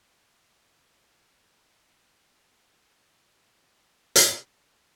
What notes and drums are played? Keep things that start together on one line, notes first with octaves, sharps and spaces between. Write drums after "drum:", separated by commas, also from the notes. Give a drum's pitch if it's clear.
C3
B1 A2 G3
A2 E3 A4 A#4 F5 G5 A#6
drum: hi-hat